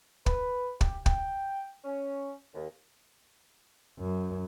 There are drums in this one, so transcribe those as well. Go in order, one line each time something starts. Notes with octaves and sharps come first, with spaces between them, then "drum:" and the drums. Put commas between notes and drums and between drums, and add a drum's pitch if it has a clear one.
B4, drum: kick
G4, drum: kick
G5, drum: kick
C#4
D#2
F#2